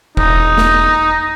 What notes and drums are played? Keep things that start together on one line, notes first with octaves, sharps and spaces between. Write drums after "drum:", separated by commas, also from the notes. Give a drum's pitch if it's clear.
E1 D#4, drum: kick
drum: snare